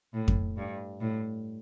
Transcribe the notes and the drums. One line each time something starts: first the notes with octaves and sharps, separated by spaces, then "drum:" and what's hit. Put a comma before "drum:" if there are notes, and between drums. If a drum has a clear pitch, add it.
A2
drum: kick F2
G2
A2